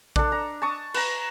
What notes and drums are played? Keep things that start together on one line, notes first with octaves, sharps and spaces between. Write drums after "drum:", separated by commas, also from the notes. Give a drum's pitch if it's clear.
D4 A4, drum: kick A#1
A#5
A5 C#6 D#6
B4 A#5, drum: cymbal